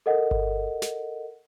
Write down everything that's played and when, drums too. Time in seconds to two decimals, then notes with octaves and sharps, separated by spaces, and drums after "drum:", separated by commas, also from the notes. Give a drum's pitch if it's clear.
0.06 A4 A#4 D#5 F#5
0.31 drum: kick G1
0.82 drum: snare